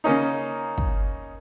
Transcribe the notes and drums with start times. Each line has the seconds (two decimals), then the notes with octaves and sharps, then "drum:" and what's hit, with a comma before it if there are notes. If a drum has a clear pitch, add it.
0.04 C#3 A#3 C#4 D#4
0.78 drum: kick